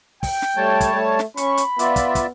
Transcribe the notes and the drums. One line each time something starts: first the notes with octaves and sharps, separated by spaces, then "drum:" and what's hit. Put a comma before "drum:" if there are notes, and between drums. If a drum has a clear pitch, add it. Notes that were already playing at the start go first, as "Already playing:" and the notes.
G5, drum: kick, open hi-hat
drum: snare
G3 A3 C#5 A5
drum: kick, hi-hat
A3
drum: snare
C#4 B5 C#6, drum: hi-hat
drum: hi-hat
B3 F4 D5 E5, drum: hi-hat
drum: kick, hi-hat
drum: kick, hi-hat